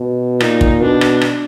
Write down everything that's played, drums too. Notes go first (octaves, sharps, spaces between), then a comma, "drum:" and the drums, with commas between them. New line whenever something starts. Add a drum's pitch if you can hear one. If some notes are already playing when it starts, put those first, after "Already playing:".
Already playing: B2
A#2 D#4, drum: rim click
drum: kick
B2 D4
drum: rim click
drum: rim click